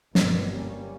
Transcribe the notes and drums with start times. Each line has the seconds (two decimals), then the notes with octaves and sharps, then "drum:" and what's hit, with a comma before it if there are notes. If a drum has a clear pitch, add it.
0.15 G1 F2 B2 A#3, drum: snare
0.52 G3 A#3 C#4